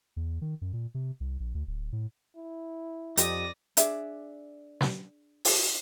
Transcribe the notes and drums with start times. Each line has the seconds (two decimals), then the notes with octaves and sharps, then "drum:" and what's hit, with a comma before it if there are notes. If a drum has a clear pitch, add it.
0.16 E2
0.41 D#3
0.61 F#2
0.73 A#2
0.94 C3
1.20 C2
1.40 A#1
1.55 D2
1.67 D1
1.92 A2
2.36 E4
3.17 F2 G4 D5 D#5 D#6 A#6, drum: hi-hat
3.77 D4 G#4 D5 E5, drum: hi-hat
4.81 drum: snare
5.45 drum: open hi-hat